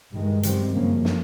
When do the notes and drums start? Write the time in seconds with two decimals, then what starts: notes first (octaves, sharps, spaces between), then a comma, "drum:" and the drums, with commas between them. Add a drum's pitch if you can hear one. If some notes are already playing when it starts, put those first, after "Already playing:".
0.13 G2 D#3 G#3
0.43 F#2 D#3 G3 C4, drum: hi-hat
0.74 F#2 C#3 F3 A#3 C#4
1.05 drum: snare